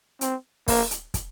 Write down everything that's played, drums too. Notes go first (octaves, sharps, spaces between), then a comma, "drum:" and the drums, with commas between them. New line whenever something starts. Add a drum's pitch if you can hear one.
C4, drum: hi-hat
A#3, drum: kick, open hi-hat
drum: hi-hat
drum: kick, hi-hat